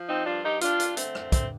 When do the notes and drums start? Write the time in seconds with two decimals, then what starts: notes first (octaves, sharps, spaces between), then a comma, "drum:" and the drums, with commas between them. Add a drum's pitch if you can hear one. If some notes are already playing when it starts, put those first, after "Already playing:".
Already playing: F3
0.09 C4 D#4
0.26 G2 D4 F4
0.44 D#4 G4
0.61 G2 D4 F4, drum: hi-hat
0.80 drum: hi-hat
0.97 D3 A3 C4, drum: hi-hat
1.15 drum: rim click
1.32 G2 A3 C4, drum: kick, hi-hat